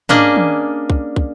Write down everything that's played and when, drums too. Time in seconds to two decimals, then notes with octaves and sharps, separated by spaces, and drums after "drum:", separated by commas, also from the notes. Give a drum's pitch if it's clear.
0.09 A#3 C#4 D4 G#4 D#5, drum: tom G#2
0.36 drum: tom
0.90 drum: kick
1.16 drum: kick